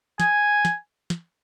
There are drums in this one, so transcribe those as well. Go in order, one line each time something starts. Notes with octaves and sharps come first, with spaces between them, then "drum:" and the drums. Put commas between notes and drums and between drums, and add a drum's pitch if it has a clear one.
G#5, drum: snare
drum: snare
drum: snare